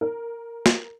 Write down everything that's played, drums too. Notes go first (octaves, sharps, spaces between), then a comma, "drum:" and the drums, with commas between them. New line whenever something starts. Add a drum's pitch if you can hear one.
A#4
drum: snare